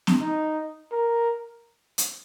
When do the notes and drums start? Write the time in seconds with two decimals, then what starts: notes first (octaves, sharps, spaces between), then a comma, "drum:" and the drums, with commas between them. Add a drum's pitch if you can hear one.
0.07 drum: snare
0.21 D#4
0.92 A#4
1.98 drum: hi-hat